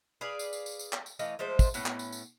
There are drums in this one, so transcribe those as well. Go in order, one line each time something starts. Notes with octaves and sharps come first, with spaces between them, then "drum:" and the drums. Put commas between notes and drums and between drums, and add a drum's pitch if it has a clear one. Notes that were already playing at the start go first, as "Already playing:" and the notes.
G#4 B4 D5 F5
drum: tambourine
drum: tambourine
drum: tambourine
drum: tambourine
drum: clap
drum: tambourine
E3 A3 D#5 F5, drum: tambourine
F3 G#3 A3 C5
drum: kick, tambourine
A2 B3 C#4, drum: tambourine
drum: clap
drum: tambourine
drum: tambourine